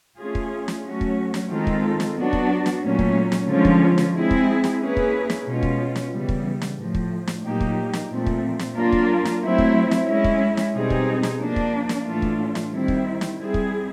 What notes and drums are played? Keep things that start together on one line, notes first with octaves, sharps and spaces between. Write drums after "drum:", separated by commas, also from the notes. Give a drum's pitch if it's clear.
A3 C#4 F4 G#4
drum: kick
drum: snare
F#3 A3 C#4 F#4
drum: kick
drum: snare
D#3 G#3 C4 F4 A4
drum: kick
drum: snare
F#3 B3 D4 F#4
drum: kick
drum: snare
A#2 F#3 A3 C#4
drum: kick
drum: snare
D3 F3 G#3 C#4 F4
drum: kick
drum: snare
G#3 C4 E4 G#4
drum: kick
drum: snare
A#3 C#4 E4 G#4 B4
drum: kick
drum: snare
B2 G#3 C#4 F4
drum: kick
drum: snare
C#3 E3 G3 B3
drum: kick
drum: snare
A2 F3 A3
drum: kick
drum: snare
A#2 F#3 A#3 D#4 G4
drum: kick
drum: snare
A#2 F3 A3 C4
drum: kick
drum: snare
F#3 A#3 D4 F4 A#4
drum: kick
drum: snare
F#3 A3 C4 E4
drum: kick
drum: snare
G#3 C#4 E4
drum: kick
drum: snare
B2 G3 C4 D#4 G#4
drum: kick
drum: snare
F3 A#3 D4
drum: kick
drum: snare
A2 E3 A3 D4 F4
drum: kick
drum: snare
D#3 G3 C4 E4
drum: kick
drum: snare
G3 C4 E4 G#4
drum: kick